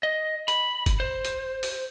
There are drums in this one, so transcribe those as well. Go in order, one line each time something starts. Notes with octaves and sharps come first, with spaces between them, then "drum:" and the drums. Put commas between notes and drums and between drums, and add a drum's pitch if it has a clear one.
D#5
B5, drum: hi-hat
drum: kick, hi-hat
C5
drum: hi-hat
drum: open hi-hat